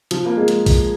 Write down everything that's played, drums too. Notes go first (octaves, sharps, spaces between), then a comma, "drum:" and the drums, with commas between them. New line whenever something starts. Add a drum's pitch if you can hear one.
F3, drum: hi-hat
A#3
G#3
drum: hi-hat
drum: kick, open hi-hat